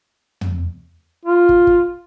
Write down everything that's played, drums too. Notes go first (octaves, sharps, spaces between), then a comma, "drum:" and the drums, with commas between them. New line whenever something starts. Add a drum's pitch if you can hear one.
drum: tom
F4
drum: kick
drum: kick